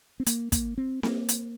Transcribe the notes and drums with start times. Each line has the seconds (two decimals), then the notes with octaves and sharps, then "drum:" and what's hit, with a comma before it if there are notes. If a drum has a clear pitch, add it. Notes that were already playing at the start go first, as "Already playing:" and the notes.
0.20 C4
0.26 A#3, drum: hi-hat
0.52 A#3, drum: kick, hi-hat
0.78 C4
1.03 A#3, drum: snare C4
1.29 drum: hi-hat